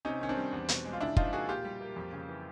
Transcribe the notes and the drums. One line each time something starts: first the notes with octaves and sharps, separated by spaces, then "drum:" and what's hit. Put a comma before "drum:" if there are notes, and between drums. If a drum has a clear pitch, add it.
C3 C#4 D#4
D#3 C#4
C4 D4
G3
E2
B2, drum: hi-hat
G#3
F4
C#3 D4 E4
F3 D#4 F4, drum: kick
A#3 F#4 G#4
A#2 F4 G4
G3
A#3
F2
C#3
E3